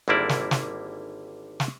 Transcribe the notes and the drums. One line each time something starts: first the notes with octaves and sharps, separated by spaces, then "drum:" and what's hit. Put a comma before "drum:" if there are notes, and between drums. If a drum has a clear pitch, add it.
G#1 D3 G3 A#3 E4 D5
drum: snare
drum: snare
drum: snare